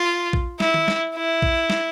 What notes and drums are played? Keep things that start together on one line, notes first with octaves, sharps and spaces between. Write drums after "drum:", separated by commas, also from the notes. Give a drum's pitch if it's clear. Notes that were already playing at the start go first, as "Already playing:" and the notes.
Already playing: F4
drum: kick A#1
E4, drum: snare
drum: tom D#3
drum: snare
E4
drum: kick A#1
drum: snare